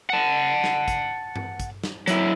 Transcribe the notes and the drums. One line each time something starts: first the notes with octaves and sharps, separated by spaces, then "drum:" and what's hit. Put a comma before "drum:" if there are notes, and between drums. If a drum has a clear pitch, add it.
F#5 A5
drum: snare
drum: kick, hi-hat
drum: tom G2
drum: kick, hi-hat
drum: snare
F#3 E4, drum: hi-hat